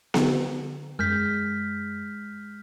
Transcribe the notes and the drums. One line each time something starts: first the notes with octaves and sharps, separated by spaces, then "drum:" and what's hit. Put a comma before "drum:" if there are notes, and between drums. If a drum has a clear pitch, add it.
D3, drum: snare B3
F#2 G#3 F6 G6 B6